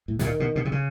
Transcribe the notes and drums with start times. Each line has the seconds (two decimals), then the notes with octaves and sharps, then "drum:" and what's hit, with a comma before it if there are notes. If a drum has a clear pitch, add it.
0.08 A2
0.19 A2, drum: snare
0.23 A#2 D#3
0.40 B2
0.56 B2
0.65 C3
0.72 C#3